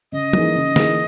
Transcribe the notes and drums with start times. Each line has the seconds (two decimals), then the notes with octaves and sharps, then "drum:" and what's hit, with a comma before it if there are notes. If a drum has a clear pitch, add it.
0.12 C#3 D#5
0.33 E3 A#3 D#4 G#4, drum: tom
0.55 C#3
0.76 E3 A#3 D#4 G#4, drum: snare